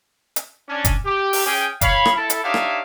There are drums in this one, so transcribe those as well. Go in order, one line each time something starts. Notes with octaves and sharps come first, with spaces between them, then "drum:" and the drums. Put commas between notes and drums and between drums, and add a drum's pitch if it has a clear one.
drum: hi-hat
C#4 D4
drum: kick, hi-hat
G4
drum: open hi-hat
C#4 G#4 G5
C#5 F5 B5, drum: kick, hi-hat
drum: rim click
E4 A4
drum: hi-hat
D4 D#4 G4 C#5 E5 F5
drum: rim click